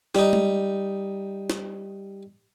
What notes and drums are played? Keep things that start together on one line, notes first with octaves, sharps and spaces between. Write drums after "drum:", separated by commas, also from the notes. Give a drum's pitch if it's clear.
G3 D#4, drum: snare
drum: tom G#3
drum: snare